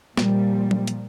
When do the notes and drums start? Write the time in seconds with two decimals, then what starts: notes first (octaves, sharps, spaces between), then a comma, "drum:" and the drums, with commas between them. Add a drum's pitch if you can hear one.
0.17 A#2 F3 G3, drum: snare
0.71 drum: tom F#3
0.87 drum: hi-hat